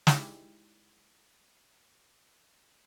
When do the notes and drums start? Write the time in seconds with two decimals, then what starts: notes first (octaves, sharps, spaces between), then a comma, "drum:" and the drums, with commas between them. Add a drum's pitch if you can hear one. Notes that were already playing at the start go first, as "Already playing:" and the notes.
0.07 G#3 D#4 E4 G4, drum: snare